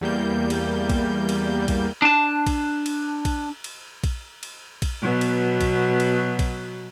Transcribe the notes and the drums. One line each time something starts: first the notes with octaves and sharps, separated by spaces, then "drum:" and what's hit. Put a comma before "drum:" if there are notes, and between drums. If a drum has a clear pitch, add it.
E2 G3 A#3 G6
drum: cymbal
drum: kick A#1, cymbal
drum: cymbal
drum: kick A#1, cymbal
D4 A5
drum: kick A#1, cymbal
drum: cymbal
drum: kick A#1, cymbal
drum: cymbal
drum: kick A#1, cymbal
drum: cymbal
drum: kick A#1, cymbal
B2 F#3 B3
drum: cymbal
drum: kick A#1, cymbal
drum: cymbal
drum: kick A#1, cymbal